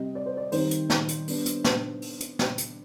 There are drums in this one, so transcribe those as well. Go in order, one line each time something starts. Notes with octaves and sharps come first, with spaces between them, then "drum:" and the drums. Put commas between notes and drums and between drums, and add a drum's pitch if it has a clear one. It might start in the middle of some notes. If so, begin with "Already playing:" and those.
Already playing: C3 G3 C4 D#5
D5
C5
D5
D#3 G3 C4 D#4 C5, drum: open hi-hat
drum: hi-hat
drum: snare
drum: hi-hat
G3 B3 D4, drum: open hi-hat
drum: hi-hat
drum: snare
drum: open hi-hat
drum: hi-hat
drum: snare
drum: hi-hat